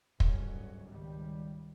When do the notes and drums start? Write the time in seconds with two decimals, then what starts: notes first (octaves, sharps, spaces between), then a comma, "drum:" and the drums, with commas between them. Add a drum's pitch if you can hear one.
0.20 G1 C#2 G#2 F#3 C#4, drum: kick
0.87 G#1 C#2 D#3 G3